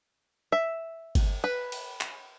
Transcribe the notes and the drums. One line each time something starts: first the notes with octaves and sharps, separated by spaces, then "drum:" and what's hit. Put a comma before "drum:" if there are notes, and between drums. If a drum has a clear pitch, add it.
E5
drum: kick G1, cymbal
B4
drum: cymbal
drum: clap